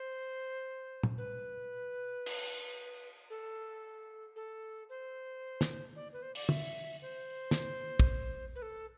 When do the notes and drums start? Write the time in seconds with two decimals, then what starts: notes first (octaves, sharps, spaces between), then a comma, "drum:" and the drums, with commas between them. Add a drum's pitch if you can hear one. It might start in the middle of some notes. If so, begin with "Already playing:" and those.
Already playing: C5
1.03 drum: tom
1.18 B4
2.26 drum: cymbal
3.30 A4
4.36 A4
4.89 C5
5.61 drum: snare
5.96 D5
6.13 B4
6.22 C5
6.35 D5, drum: open hi-hat
6.49 E5, drum: tom
7.02 C5
7.51 drum: snare
8.00 drum: kick
8.55 B4
8.62 A4